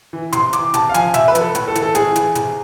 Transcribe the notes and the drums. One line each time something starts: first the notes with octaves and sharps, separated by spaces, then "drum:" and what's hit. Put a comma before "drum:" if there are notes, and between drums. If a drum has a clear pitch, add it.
E3
C3 C6, drum: hi-hat
E3 D6, drum: hi-hat
C3 A5, drum: hi-hat
F5
F3 G#5, drum: hi-hat
C3 E5, drum: hi-hat
B4
F3, drum: hi-hat
A4
A2, drum: hi-hat
A4
E3, drum: hi-hat
A4
A2 G#4, drum: hi-hat
E3, drum: hi-hat
C3, drum: hi-hat